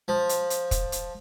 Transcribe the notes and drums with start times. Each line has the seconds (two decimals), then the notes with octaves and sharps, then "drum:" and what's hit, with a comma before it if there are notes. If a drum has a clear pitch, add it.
0.08 F3
0.29 drum: hi-hat
0.50 drum: hi-hat
0.71 drum: kick, hi-hat
0.92 drum: hi-hat